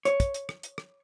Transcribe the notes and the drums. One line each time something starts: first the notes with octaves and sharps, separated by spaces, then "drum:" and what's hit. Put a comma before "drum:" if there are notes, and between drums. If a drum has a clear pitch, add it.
C#5, drum: hi-hat
drum: kick, hi-hat
drum: hi-hat
drum: rim click
drum: hi-hat
drum: rim click